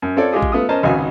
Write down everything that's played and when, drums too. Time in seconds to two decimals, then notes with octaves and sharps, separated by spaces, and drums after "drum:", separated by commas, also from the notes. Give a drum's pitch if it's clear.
0.02 F#2
0.16 C4 F4 A4 C#5 D5
0.32 G#3 F4 G4 G#4
0.42 drum: kick A1
0.52 A3 B3 F4 D#6
0.69 C#4 A#4 C5 D#5 A5 A#5
0.83 G#1 C#2 D#4 F#4 F5 G#5